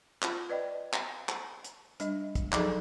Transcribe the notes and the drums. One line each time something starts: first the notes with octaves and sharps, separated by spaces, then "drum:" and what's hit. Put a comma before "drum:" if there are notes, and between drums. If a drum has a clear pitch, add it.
F4, drum: clap
B4 D5 D#5 G5
drum: clap
drum: clap
drum: hi-hat
G3 D4 D#5, drum: hi-hat
drum: kick, hi-hat
F3 F#3 D#4 G#4 A4, drum: clap